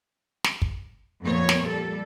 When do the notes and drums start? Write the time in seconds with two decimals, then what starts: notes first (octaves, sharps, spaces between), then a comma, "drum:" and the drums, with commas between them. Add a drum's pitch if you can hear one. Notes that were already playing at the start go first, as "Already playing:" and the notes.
0.44 drum: snare
0.62 drum: kick
1.21 F2 A#2 B3 C#5
1.49 drum: snare
1.66 G3 A4